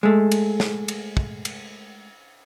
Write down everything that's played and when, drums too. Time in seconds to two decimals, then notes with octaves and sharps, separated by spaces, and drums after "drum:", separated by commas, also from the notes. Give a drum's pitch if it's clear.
0.03 G#3 A3
0.31 drum: cymbal
0.60 drum: snare
0.88 drum: cymbal
1.17 drum: kick
1.45 drum: cymbal